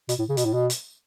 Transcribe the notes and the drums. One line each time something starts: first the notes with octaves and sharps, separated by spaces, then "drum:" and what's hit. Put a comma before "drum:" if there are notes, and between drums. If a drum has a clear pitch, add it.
B2, drum: hi-hat
A2
C#3
B2, drum: hi-hat
A2
B2
drum: hi-hat